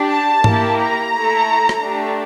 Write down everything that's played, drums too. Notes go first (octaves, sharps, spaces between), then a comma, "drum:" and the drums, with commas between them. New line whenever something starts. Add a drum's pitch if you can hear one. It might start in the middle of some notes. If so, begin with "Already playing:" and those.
Already playing: D4 G4
A5
A#3 E4 G4, drum: tom G#2
A#5
A3 E4 A4
drum: rim click
A3 D4 G4